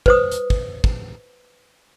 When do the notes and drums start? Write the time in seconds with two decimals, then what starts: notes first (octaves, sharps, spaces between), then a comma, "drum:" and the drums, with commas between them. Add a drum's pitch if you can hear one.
0.06 B4 C5 D#6, drum: kick
0.31 drum: hi-hat
0.50 drum: kick
0.84 drum: kick